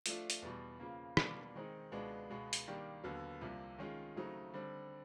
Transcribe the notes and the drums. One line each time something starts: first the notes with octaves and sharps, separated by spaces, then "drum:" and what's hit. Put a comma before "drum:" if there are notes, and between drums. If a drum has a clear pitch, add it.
F3 A3 D4 F4, drum: hi-hat
drum: hi-hat
E2 B2 G3
C#3 F3 A#3
B2 G3 A#3 D4, drum: rim click
D#3 G#3 C4 D#4
C#2 B2 G#3 B3 D4
C#2 B2 G#3 B3
drum: hi-hat
D#3 G3 A#3 D4 G4
D#2 D3 F#3 B3
C2 C3 F3 A#3
D#3 G#3 C#4 F4
C#3 F#3 A3 C4 D#4
D3 G3 C4